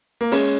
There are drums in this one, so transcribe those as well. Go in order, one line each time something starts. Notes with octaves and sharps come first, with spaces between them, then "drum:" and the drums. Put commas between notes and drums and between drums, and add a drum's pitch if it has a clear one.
A#3
G#3 C#4, drum: open hi-hat